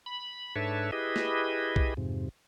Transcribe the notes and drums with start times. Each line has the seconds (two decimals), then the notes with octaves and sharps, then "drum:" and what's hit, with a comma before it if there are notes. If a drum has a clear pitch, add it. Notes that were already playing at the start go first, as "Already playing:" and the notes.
0.06 B5
0.56 G#2 D4 A4 B4 C#5 E5
0.92 E4 G4 G#4 B4 D#5
1.16 drum: snare
1.76 drum: kick B1
1.97 F2 G#2 C3